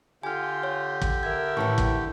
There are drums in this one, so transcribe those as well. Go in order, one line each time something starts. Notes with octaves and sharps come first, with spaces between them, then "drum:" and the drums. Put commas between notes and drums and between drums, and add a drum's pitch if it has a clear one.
D3 F4 G4 G#5 F6
C#5
drum: kick
A#4 E5 G#6
A2 D#3 E3 C#5 A5 C#6
drum: kick